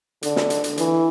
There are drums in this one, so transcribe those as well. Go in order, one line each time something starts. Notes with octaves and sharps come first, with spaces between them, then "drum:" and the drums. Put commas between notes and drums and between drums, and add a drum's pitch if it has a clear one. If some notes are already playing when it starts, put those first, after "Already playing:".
D3, drum: hi-hat
drum: snare
drum: hi-hat
drum: hi-hat
E3, drum: hi-hat